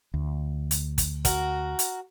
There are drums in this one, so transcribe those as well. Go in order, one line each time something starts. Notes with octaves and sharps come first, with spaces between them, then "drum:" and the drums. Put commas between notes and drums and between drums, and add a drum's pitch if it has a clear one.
D2
drum: hi-hat
drum: kick, hi-hat
F#4 A#4, drum: kick, hi-hat
drum: hi-hat